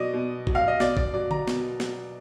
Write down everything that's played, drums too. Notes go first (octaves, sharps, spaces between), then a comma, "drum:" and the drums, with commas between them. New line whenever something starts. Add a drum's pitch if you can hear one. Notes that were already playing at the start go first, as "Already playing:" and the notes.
Already playing: B2 F#3 D5 D#5
B2
F#3, drum: kick A1
F5
D#5
B2 D5, drum: snare
D5, drum: kick A1
F#3 D5
A#5, drum: tom D3
B2, drum: snare
F#3, drum: snare